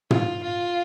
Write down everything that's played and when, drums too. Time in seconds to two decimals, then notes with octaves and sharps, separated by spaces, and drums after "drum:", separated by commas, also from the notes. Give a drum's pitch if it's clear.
0.11 F4, drum: tom
0.43 F4